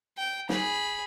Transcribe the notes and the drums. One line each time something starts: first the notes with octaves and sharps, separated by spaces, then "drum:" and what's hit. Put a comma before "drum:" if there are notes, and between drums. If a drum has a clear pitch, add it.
G5
G#4 B5, drum: snare